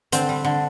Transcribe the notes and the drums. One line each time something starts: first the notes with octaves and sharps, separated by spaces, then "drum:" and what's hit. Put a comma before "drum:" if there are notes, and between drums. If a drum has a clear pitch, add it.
D3 C4, drum: hi-hat
G3
D3